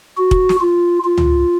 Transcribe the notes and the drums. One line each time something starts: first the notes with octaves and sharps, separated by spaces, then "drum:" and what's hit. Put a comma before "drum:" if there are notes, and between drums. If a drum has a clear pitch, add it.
F#4
drum: kick
drum: snare
F4
F4
drum: tom C#2